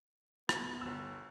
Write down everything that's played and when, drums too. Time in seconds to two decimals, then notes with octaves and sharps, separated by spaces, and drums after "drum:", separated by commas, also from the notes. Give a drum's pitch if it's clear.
0.49 B3, drum: rim click
0.81 G1 E6